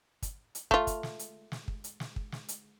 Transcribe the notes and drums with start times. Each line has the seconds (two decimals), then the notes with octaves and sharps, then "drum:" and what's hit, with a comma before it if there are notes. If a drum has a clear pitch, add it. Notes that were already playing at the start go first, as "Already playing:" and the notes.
0.23 drum: kick, hi-hat
0.55 drum: hi-hat
0.71 A3 F4, drum: kick
0.87 drum: kick, hi-hat
1.03 drum: snare
1.19 drum: hi-hat
1.52 drum: snare
1.68 drum: kick
1.84 drum: hi-hat
2.00 drum: snare
2.16 drum: kick
2.32 drum: snare
2.49 drum: hi-hat